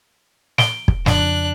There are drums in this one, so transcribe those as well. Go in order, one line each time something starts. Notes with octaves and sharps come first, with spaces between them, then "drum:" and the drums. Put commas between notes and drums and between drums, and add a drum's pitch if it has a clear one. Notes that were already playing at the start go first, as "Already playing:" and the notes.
D7 G7, drum: snare
drum: kick
F2 C#3 D4 F#6, drum: snare